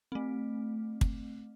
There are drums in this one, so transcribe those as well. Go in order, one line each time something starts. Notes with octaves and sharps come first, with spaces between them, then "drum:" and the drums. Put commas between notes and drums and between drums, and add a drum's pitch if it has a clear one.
A3 C4
drum: kick